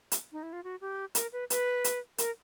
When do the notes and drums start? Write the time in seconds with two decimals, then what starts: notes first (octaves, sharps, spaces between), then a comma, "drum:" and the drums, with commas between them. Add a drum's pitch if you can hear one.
0.12 drum: hi-hat
0.32 D#4
0.43 E4
0.53 F4
0.64 F#4
0.81 G4
1.15 A#4, drum: hi-hat
1.32 B4
1.50 B4, drum: hi-hat
1.84 drum: hi-hat
2.18 A#4, drum: hi-hat